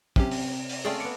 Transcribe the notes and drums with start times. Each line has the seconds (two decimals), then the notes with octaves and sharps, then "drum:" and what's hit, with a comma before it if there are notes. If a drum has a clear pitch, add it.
0.16 C3 F#3 C#4 G4, drum: kick
0.31 drum: open hi-hat
0.69 drum: open hi-hat
0.85 A3 C#4 F4 G#4 D5 G5
1.00 B3 D5 C#7